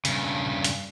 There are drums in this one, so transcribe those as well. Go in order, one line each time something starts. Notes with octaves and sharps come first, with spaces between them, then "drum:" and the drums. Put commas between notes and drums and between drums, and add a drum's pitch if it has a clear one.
G2 C#3, drum: hi-hat
drum: hi-hat